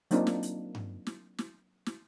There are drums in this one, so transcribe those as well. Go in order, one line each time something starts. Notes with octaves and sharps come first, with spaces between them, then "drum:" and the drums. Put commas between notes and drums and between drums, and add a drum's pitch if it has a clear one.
F#3 A#3 C4 D4 D#4 F4, drum: hi-hat
drum: snare
drum: hi-hat
drum: tom G2
drum: snare
drum: snare
drum: snare